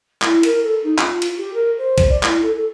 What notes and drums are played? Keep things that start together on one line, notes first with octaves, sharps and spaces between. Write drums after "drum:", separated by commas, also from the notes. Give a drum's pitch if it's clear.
E4, drum: clap
A#4, drum: cymbal
A4
D#4
F4, drum: clap
drum: cymbal
G4
A#4
C5
drum: kick A#1, cymbal
D5
E4, drum: clap
A4
A4